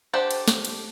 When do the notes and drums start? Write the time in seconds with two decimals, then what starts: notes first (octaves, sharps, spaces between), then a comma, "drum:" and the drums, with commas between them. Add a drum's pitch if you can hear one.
0.14 D4 G4 A4 C5 F#5
0.31 drum: cymbal
0.48 drum: snare
0.65 drum: cymbal